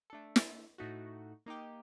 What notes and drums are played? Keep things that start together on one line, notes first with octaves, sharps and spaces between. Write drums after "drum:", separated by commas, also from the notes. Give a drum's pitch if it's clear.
A3 D4 A4
drum: snare
A2 A3 D#4 F#4
A#3 D#4 G4